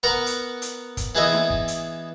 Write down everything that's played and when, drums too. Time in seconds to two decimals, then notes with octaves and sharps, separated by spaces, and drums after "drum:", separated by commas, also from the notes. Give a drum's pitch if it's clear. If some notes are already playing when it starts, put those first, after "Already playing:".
0.03 B3 A#4 B4 F#5 A#5
0.26 drum: hi-hat
0.62 drum: hi-hat
0.97 drum: kick, hi-hat
1.15 E3 B3 G#4 B4 D#5 E5
1.32 drum: snare D#4
1.50 drum: kick
1.68 drum: hi-hat